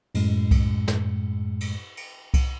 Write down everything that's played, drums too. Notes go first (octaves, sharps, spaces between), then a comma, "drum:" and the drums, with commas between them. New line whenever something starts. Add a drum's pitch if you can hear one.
F#2 A2 G#3, drum: cymbal
drum: kick C2, cymbal
drum: snare
drum: cymbal
drum: cymbal
drum: kick C2, cymbal